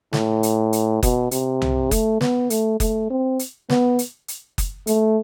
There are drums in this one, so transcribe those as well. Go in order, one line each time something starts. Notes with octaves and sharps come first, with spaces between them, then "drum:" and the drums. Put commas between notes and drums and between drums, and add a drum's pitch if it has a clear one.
A2, drum: snare
drum: hi-hat
drum: hi-hat
B2, drum: kick F#1, hi-hat
C3, drum: hi-hat
drum: tom C2
A3, drum: kick F#1, hi-hat
B3, drum: snare
A3, drum: hi-hat
A3, drum: kick F#1, hi-hat
C4
drum: hi-hat
B3, drum: snare
drum: hi-hat
drum: hi-hat
drum: kick F#1, hi-hat
A3, drum: hi-hat